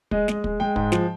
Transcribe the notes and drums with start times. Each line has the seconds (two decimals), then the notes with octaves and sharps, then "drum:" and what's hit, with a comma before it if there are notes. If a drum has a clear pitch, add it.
0.11 G#3 D#5, drum: kick
0.28 G#3 D#5, drum: snare
0.44 G#3, drum: kick
0.60 G#3 G5
0.76 G#2, drum: kick
0.92 F3, drum: snare